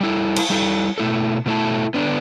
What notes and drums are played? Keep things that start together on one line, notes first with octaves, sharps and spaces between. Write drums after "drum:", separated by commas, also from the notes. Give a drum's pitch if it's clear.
G3 E4 A4
drum: cymbal
G3 E4 A4
B2 A3 E4 A4
B2 A3 E4 A4
D3 B3 D4